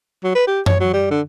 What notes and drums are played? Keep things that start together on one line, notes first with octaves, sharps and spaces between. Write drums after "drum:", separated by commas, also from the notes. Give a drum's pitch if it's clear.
F#3
B4
G4
C#5, drum: tom F#2
F#3
G3
D3